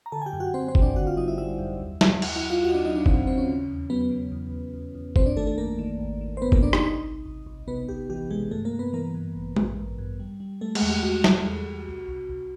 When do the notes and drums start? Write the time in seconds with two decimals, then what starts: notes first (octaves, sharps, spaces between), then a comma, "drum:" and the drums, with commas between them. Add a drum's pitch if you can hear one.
0.06 A#5
0.12 D3 A4 A5
0.22 G#5
0.26 G4 G5
0.33 F#2
0.40 F#4 F#5
0.54 F#2 C4 C5
0.68 C4 C5
0.75 G#1, drum: kick
0.82 D4 D5
0.96 D3 F#4 F#5
1.07 F4 F5
1.17 G3 D#4 D#5
1.28 E4 E5
1.38 G3 E4 E5
1.59 F#2
1.80 D#2
2.01 F#3, drum: snare
2.22 D#2, drum: cymbal
2.36 E4 E5
2.43 F#3
2.50 F4 F5
2.64 D#2 F#4 F#5
2.70 D#5
2.75 D4 D5
2.85 F#3 D#4 D#5
2.96 D4 D5
3.06 D#3 C4 C5, drum: kick
3.27 D#2 C4 C5
3.37 C#4 C#5
3.48 C#3
3.69 E2
3.90 F#3 B3 B4
4.11 C#3
4.32 E2
4.53 E2
4.74 E2
4.95 E2
5.16 G#1 C4 C5, drum: kick
5.26 D4 D5
5.37 D#3 A3 A4
5.47 A3 A4
5.58 F#2 A#3 A#4
5.79 D#3
6.00 G#1
6.21 D#3
6.37 C5
6.42 F#2 B3 B4
6.52 A#3 A#4, drum: kick
6.62 G#1 D4 D5
6.73 D#4 D#5, drum: rim click
6.83 C2 D#4 D#5
7.05 C2
7.26 C2
7.46 C2
7.68 C3 B3 B4
7.89 C2 G4
8.10 E3 G4
8.30 C3 G#3 G#4
8.51 G2 A3 A4
8.65 A#3 A#4
8.73 G2
8.79 B3 B4
8.93 E3 A#3 A#4
9.15 G2
9.35 A1
9.56 A1, drum: tom
9.77 A1
9.98 G2
10.20 G3
10.40 G3
10.61 G3 A3 A4
10.75 G#3 G#4, drum: cymbal
10.82 E2
10.89 G4
11.03 E2 F#4
11.24 G3, drum: snare
11.45 E2
11.66 E2
11.87 C2
12.08 C2
12.29 C2